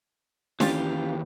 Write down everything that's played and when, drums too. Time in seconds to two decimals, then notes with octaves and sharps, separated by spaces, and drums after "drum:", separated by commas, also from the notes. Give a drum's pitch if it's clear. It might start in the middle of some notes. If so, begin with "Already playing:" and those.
0.60 D#2 E3 C#4 F4 G4, drum: snare D4